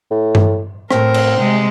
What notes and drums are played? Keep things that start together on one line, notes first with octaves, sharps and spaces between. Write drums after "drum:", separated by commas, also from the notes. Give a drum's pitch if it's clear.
A2
drum: tom G2
A2 C4 A#4, drum: rim click
drum: cymbal
C3 G#3